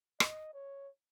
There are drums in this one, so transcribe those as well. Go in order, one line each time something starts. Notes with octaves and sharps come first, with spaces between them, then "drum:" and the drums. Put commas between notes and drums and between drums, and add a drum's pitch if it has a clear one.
D#5, drum: rim click
C#5